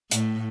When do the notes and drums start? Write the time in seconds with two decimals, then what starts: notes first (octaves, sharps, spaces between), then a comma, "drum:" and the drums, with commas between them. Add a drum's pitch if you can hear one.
0.11 A2, drum: hi-hat